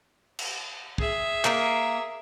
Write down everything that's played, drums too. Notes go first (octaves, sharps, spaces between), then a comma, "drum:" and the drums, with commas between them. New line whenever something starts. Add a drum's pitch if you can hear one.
drum: cymbal
G#4 E5, drum: kick
A#3, drum: clap